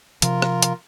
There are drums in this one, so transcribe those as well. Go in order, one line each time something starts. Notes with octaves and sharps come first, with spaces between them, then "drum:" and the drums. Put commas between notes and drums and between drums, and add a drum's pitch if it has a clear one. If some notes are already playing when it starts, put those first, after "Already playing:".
C3 F3 F4 A#4, drum: hi-hat
drum: rim click
drum: hi-hat